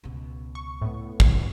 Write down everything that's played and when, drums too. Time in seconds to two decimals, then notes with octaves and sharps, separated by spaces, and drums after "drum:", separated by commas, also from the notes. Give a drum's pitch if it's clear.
0.04 C#2 B2
0.55 C#6
0.82 A2 B3
1.20 C3 F#3, drum: kick